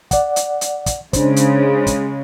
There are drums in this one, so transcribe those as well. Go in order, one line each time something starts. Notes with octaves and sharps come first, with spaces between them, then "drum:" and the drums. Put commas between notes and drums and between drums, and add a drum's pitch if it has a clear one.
D5 F#5, drum: kick, hi-hat
drum: hi-hat
drum: hi-hat
drum: kick, hi-hat
C#3 G#3 D4 C5, drum: kick, hi-hat
drum: hi-hat
drum: kick, hi-hat